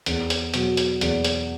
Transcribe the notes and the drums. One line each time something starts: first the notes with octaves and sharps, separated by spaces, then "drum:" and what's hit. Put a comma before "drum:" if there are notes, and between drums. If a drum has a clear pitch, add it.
E2, drum: hi-hat
drum: hi-hat
B2 F#3, drum: hi-hat
drum: hi-hat
E2, drum: hi-hat
drum: hi-hat